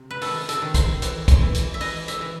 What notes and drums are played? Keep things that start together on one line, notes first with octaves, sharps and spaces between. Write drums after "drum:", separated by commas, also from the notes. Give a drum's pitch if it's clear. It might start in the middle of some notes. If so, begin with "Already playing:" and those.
Already playing: C3
B4
D#3 A4, drum: open hi-hat
A4, drum: hi-hat
D#3
C5, drum: kick, hi-hat
E3, drum: hi-hat
drum: kick, hi-hat
E3
drum: hi-hat
E5
E3 D#5, drum: open hi-hat
E5, drum: hi-hat
E3